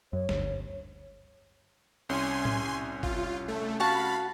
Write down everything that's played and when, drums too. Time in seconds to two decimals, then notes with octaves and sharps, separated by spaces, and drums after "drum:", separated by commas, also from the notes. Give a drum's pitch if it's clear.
0.13 F#2 C#5
0.29 G1 D2, drum: snare
2.09 C2 C#4 G#5 C6
2.45 drum: tom A2
3.03 F4, drum: kick G1
3.48 A3
3.80 F#4 F5 A5 B5